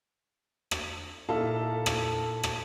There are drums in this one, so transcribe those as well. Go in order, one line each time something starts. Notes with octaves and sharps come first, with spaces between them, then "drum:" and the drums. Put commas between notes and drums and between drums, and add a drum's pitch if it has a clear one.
drum: rim click
A#2 D#4 E4 A4 F5 A5
drum: rim click
drum: rim click